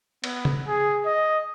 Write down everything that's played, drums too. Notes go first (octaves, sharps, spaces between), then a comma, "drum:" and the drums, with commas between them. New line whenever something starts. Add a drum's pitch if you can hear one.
B3, drum: cymbal
drum: tom C#3
G#4
D#5